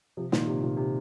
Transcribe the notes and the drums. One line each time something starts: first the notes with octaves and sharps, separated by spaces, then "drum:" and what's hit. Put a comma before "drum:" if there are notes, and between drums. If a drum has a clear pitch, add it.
C3 F3
A#2 D#3, drum: snare
C3
A#2
C3